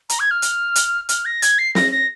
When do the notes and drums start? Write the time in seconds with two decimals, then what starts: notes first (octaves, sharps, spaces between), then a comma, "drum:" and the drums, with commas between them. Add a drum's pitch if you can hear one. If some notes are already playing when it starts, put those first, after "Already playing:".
0.09 A#5, drum: hi-hat
0.20 G#6
0.31 F6
0.42 drum: hi-hat
0.75 drum: hi-hat
1.09 F6, drum: hi-hat
1.25 A#6
1.42 G#6, drum: hi-hat
1.59 C7
1.75 A#6, drum: snare
1.91 A#6